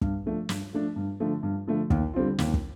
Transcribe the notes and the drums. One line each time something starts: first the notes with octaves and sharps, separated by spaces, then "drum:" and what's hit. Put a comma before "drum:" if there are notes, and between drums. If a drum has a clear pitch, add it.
G2, drum: kick
F3 A3 D4
G2, drum: snare
F3 A3 D4
G2
D3 F3 A3
G2
D3 F3 A3
D#2, drum: kick
D3 G3 C4 F4
D#2, drum: snare
drum: kick